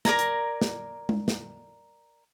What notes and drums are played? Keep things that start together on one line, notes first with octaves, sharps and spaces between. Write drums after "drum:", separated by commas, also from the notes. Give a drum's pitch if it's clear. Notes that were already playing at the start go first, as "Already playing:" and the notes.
A#4 D5 G#5 A#5, drum: snare
drum: hi-hat
drum: snare
drum: tom G#3
drum: snare